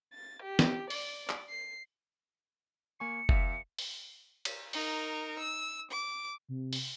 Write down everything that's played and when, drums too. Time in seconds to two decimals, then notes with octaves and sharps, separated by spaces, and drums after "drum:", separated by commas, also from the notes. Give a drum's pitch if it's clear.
0.13 A6
0.43 G4
0.59 drum: snare
0.90 D5, drum: open hi-hat
1.29 drum: clap
1.49 C7
3.00 A#3 G#5 C#6 C#7
3.29 E2 E5 F5, drum: kick F#1
3.79 drum: open hi-hat
4.45 drum: cymbal
4.73 D#4 A#4, drum: open hi-hat
5.39 E6
5.91 D6
6.49 C3
6.73 drum: open hi-hat